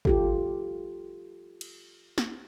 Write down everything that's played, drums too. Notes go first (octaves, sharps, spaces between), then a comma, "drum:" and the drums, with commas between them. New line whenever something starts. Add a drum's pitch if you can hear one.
F4 G4 A4, drum: kick
drum: cymbal
drum: snare